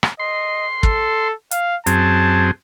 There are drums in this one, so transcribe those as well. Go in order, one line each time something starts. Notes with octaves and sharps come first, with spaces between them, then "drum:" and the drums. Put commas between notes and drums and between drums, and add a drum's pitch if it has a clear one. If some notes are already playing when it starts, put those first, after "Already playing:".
drum: rim click
D#5 C6
A4, drum: kick
F5, drum: hi-hat
F#2 C4 G#4 A5, drum: hi-hat